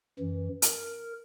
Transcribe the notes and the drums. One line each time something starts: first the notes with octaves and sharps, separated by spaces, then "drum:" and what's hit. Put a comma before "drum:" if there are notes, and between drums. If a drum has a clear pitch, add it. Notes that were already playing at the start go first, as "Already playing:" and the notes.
F#2 E3
A#4, drum: hi-hat